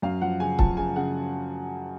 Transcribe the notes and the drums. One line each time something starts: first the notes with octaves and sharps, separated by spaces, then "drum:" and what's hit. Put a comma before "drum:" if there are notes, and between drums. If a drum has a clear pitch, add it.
F#2 F5
F3 F#5
C#3 G#5
F3 A5, drum: kick C#1
C#3 G#5
C#3 F#5